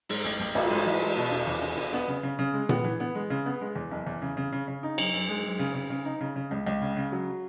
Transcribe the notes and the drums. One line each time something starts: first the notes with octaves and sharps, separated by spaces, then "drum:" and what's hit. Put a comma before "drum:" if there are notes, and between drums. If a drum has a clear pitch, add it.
G#2, drum: open hi-hat
A1
A1
A1, drum: cymbal
G#2
E3
G#3
B2
E1
E2
E1
E1
B3
C#3
C#3
C#3
G#3
B3, drum: tom A#2
E3
B3
G#3
C#3
B3
G#3
E2
F#1
E2
C#3
C#3
C#3
C#3
D#4
F#2, drum: cymbal
F#2
G#3
F#2
C#3
C#3
C#3
D#4
C#3
C#3
C#2
C#2
C#3
C#3
F#3